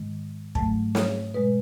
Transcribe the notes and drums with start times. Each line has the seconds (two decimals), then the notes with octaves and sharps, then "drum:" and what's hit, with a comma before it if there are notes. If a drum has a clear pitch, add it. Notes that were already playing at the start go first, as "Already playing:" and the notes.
Already playing: G#2 D#3 G#3
0.55 G#2 F#3 A3 A5, drum: kick
0.95 C#5, drum: snare
1.34 B2 G#3 B4